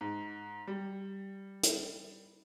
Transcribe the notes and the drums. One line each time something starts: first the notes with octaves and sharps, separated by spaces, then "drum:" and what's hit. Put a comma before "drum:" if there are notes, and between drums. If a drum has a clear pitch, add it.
G#2
G3
drum: hi-hat